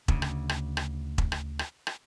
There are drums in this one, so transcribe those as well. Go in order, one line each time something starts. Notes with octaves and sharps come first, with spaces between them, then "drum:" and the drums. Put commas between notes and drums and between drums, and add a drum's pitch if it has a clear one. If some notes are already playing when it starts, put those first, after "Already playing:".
D2 C#3, drum: kick E1
drum: rim click
drum: rim click
drum: rim click
drum: kick E1
drum: rim click
drum: rim click
drum: rim click